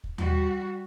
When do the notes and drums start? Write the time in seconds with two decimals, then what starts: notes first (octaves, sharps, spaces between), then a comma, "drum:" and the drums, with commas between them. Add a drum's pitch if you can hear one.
0.04 drum: kick
0.18 G3 F#4, drum: tom D#2